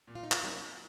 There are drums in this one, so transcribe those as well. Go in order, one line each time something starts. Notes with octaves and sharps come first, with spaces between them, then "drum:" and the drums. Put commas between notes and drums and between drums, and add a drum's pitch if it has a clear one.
A#2
F4
D#4
F4, drum: clap
F#3 A#3 C#4 D#4